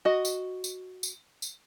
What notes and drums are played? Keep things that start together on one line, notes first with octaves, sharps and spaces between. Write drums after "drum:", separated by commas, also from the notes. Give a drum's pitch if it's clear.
F#4 D#5
drum: tambourine
drum: tambourine
drum: tambourine
drum: tambourine